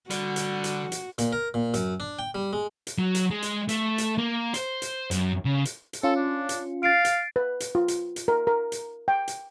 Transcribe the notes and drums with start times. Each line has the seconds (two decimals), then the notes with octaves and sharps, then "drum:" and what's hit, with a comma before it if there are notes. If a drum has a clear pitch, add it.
0.10 D3 G3 F#4, drum: hi-hat
0.36 drum: hi-hat
0.64 drum: hi-hat
0.92 drum: hi-hat
1.18 A#2, drum: hi-hat
1.33 A#4
1.54 A#2
1.74 F#2, drum: hi-hat
2.00 D4
2.19 G5
2.35 G3
2.53 G#3
2.87 drum: hi-hat
2.99 F#3
3.15 drum: hi-hat
3.31 G#3
3.42 drum: hi-hat
3.69 A3, drum: hi-hat
3.98 drum: hi-hat
4.18 A#3
4.54 C5, drum: hi-hat
4.82 drum: hi-hat
5.11 F#2, drum: hi-hat
5.45 C#3
5.65 drum: hi-hat
5.93 drum: hi-hat
6.03 C#4 F4 A4 C#7
6.16 D4
6.49 drum: hi-hat
6.83 F5 A6 C7 D7
7.05 drum: hi-hat
7.36 B4
7.60 drum: hi-hat
7.75 F4
7.88 drum: hi-hat
8.16 drum: hi-hat
8.28 A#4
8.47 A#4
8.72 drum: hi-hat
9.08 G5
9.28 drum: hi-hat